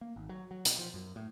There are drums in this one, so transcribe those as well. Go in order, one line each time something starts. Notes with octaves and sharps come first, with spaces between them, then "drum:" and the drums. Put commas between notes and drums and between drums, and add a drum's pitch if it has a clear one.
A#3
G#1
F#3
F#3
B2, drum: hi-hat
F3
F#2
A2